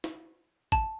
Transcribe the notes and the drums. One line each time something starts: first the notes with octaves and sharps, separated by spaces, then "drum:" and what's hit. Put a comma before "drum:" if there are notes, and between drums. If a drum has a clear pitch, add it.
drum: snare
A5, drum: kick